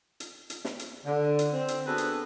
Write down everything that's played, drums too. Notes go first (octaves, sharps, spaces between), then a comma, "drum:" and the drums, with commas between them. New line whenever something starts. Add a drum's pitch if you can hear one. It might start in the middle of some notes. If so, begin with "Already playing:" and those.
drum: hi-hat
drum: hi-hat
drum: snare
drum: hi-hat
D3
drum: hi-hat
C4
drum: hi-hat
B3 D4 F#4 G#4 A4 B4
drum: hi-hat